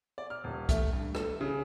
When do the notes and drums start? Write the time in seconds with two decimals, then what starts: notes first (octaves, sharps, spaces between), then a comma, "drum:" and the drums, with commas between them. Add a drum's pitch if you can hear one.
0.18 D5
0.30 F6
0.44 D#1
0.69 A3, drum: kick, hi-hat
0.93 G2
1.15 A4, drum: rim click
1.41 C#3